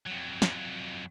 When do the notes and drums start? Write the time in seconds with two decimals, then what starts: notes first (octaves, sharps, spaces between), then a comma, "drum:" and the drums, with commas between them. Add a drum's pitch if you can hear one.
0.07 F2 F#3
0.42 drum: snare